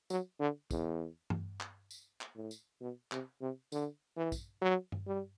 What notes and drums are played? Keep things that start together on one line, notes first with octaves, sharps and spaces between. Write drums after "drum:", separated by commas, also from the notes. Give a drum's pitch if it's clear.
F#3, drum: tambourine
D3
E2, drum: kick, tambourine
drum: tom G2
drum: clap
drum: tambourine
drum: clap
A2
drum: tambourine
B2
C3, drum: clap
C3
D3, drum: tambourine
E3
drum: kick, tambourine
F#3
drum: tom G2
G3